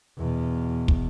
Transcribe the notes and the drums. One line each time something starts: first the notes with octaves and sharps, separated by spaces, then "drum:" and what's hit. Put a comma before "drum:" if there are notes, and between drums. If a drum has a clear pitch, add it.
E2 B2
drum: kick